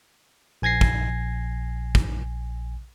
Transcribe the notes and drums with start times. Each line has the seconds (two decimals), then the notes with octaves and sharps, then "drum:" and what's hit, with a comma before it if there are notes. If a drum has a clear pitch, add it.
0.62 A#1 G#5 G#6 A#6 C7
0.81 drum: kick
1.95 drum: kick